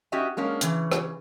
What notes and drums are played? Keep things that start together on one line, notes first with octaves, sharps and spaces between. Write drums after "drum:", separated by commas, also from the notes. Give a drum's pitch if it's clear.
C#4 F#4 G4 D#5 E5 G5
G#3 A#3 C#4 D4
C#3 E3, drum: hi-hat
drum: rim click